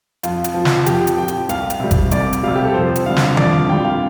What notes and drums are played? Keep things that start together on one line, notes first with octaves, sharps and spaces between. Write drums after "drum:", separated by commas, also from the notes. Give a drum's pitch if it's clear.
F2 F4, drum: hi-hat
drum: hi-hat
F3
drum: snare
F2 G4, drum: hi-hat
drum: hi-hat
F3 G5
drum: hi-hat
C2 F5, drum: hi-hat
drum: hi-hat
C3 G3
drum: kick G#1, hi-hat
C2 D5, drum: hi-hat
drum: hi-hat
C3 G3 F5
G4
A4
F2 C5
drum: hi-hat
D3 G3 F5
drum: snare
F2 D5, drum: tom D#3
F5
D3 G3 G5
F5